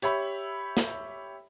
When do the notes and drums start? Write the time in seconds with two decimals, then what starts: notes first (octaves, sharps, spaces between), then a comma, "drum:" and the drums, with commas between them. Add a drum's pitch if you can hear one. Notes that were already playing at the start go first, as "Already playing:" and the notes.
0.02 G4 C#5 E5 B5, drum: hi-hat
0.77 drum: snare